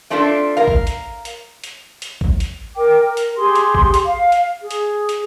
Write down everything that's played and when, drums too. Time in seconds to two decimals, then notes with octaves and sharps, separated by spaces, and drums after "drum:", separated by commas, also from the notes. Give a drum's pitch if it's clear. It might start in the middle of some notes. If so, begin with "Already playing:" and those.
0.10 A3 C4 D4 F4 A4
0.57 A#4 F5
0.68 drum: kick
0.87 drum: hi-hat
1.25 drum: hi-hat
1.64 drum: hi-hat
2.02 drum: hi-hat
2.21 drum: kick
2.40 drum: hi-hat
2.75 A#4 G5 D6
3.02 A#4
3.17 drum: hi-hat
3.36 G4 G#4 C6
3.55 drum: hi-hat
3.75 drum: kick
3.94 drum: hi-hat
4.04 F5
4.32 drum: hi-hat
4.61 G#4
4.71 drum: hi-hat
5.09 drum: hi-hat